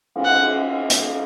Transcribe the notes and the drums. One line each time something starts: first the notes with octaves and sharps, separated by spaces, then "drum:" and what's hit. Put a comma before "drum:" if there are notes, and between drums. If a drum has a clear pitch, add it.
drum: cymbal
F#5
drum: hi-hat